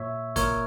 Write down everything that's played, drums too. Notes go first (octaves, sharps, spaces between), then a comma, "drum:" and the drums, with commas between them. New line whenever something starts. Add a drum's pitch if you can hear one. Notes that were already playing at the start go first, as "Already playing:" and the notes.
Already playing: A#2 C#5 E5
A#2 A#4 C#5, drum: kick, hi-hat